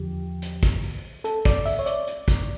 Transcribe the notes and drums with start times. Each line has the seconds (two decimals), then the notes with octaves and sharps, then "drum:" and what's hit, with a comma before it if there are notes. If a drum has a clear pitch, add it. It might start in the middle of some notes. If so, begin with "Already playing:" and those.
Already playing: E2 D3 F3 G4
0.42 drum: hi-hat
0.63 drum: kick, hi-hat
0.83 drum: open hi-hat
1.24 A4, drum: hi-hat
1.45 D5, drum: kick, hi-hat
1.66 E5, drum: open hi-hat
1.79 C#5
1.86 D5, drum: hi-hat
2.07 drum: hi-hat
2.28 drum: kick, hi-hat